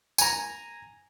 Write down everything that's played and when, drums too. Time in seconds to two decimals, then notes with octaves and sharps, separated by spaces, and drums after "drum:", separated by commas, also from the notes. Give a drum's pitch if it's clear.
0.18 G#5 A#5, drum: tambourine